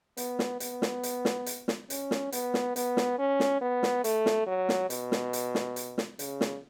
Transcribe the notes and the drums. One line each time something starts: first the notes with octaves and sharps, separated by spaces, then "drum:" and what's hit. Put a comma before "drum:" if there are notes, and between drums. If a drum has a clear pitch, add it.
B3, drum: hi-hat
drum: snare
B3, drum: hi-hat
drum: snare
drum: hi-hat
drum: snare
drum: hi-hat
drum: snare
C#4, drum: hi-hat
drum: snare
B3, drum: hi-hat
drum: snare
B3, drum: hi-hat
drum: snare
C#4
drum: snare
B3
drum: snare
A3, drum: hi-hat
drum: snare
F#3
drum: snare
B2, drum: hi-hat
drum: snare
drum: hi-hat
drum: snare
drum: hi-hat
drum: snare
C#3, drum: hi-hat
drum: snare